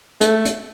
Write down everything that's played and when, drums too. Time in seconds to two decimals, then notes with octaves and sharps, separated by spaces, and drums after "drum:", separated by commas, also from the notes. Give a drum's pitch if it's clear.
0.21 A3, drum: hi-hat
0.45 drum: hi-hat